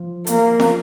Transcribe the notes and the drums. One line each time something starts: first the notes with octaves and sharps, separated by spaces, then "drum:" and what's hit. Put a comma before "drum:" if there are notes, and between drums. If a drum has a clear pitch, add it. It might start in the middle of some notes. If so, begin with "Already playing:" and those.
Already playing: F3
A#3, drum: hi-hat
F3, drum: snare